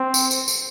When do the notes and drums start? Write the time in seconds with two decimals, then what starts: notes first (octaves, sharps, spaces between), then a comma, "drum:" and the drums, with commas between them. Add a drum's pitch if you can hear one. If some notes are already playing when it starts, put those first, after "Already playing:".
Already playing: C4
0.14 drum: tambourine
0.31 drum: tambourine
0.48 drum: tambourine